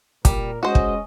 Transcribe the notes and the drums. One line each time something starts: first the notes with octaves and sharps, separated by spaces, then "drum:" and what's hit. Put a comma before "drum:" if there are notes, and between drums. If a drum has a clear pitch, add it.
A#2 G3 A#4, drum: kick, hi-hat
G#3 C#4 F#4 C5 D#5
drum: kick